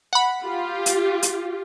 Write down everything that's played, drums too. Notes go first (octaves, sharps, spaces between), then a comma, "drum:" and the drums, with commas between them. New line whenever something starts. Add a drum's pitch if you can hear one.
F#5 B5
F4 G4
drum: hi-hat
drum: hi-hat